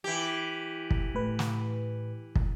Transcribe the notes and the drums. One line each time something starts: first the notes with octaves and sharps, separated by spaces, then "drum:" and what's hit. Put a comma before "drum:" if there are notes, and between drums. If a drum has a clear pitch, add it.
E3 G4
drum: kick
A2 B4
drum: snare
drum: kick